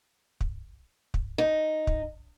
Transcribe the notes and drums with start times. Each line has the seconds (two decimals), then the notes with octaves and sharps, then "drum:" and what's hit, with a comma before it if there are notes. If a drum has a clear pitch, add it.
0.41 drum: kick
1.14 drum: kick
1.38 D#4
1.87 drum: kick